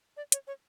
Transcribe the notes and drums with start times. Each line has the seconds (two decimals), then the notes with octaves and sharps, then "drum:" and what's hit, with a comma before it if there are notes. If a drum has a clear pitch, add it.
0.17 D5
0.32 C#5, drum: hi-hat
0.47 C#5